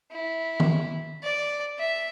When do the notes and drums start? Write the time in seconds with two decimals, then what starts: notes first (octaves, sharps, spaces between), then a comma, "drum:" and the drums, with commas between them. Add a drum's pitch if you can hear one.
0.12 E4
0.60 drum: tom D#3
1.23 D5
1.78 E5